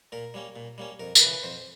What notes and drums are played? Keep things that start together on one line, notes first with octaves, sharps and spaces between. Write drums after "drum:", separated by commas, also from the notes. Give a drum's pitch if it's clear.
A#2 A#4
G3 A#3 C#4
A#2
G3 A#3 C#4
F2 A#4
A#4, drum: tambourine
C#3 E3 B4
F2 C5